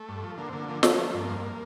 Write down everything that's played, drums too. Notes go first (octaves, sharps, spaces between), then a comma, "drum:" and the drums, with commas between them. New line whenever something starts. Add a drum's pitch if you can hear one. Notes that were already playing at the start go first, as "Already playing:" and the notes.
Already playing: A3
G2
F3
D3 A#3
C4
D3 A#3
F3 A#3
F3 A#3, drum: snare
F3 A3
C4
G2 A#3
F2